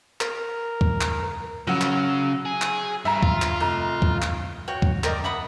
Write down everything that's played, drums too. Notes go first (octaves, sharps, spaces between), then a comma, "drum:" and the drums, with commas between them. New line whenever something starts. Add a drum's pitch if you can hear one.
A#4, drum: clap
drum: kick
drum: clap
C#3 F#3 F#5
drum: clap
G#4
drum: clap
G2 E5 A#5
F4, drum: kick
drum: clap
F1 A#5
drum: kick
drum: clap
F#4 C#5 G5
drum: kick
A#4 D5 D#5 G5, drum: clap
E5 F#5 B5 D#6